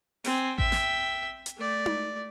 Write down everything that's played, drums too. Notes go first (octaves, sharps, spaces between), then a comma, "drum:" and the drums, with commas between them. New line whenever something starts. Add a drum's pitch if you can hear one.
C4 G#5, drum: open hi-hat
E5 G5, drum: kick A1
drum: snare
drum: hi-hat
A3 D5
drum: tom D#4